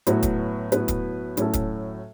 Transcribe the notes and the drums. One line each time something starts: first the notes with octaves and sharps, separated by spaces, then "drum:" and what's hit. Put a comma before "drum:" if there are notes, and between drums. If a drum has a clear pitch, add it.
A2 F#3 B3 F#4 B4, drum: hi-hat
drum: kick, hi-hat
A2 F#3 B3 F#4 B4, drum: hi-hat
drum: kick, hi-hat
A2 F#3 C#4 F#4 A4, drum: hi-hat
drum: kick, hi-hat